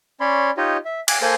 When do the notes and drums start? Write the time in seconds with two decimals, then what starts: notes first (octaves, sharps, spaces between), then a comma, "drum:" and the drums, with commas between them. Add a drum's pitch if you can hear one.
0.20 C#4 C#5 D5 B5 C6
0.57 D#4 F4 G4 C#5 D#5
0.85 E5
1.08 G#5 D6 F#6, drum: cymbal
1.22 A#3 A4 C5 G#5 C6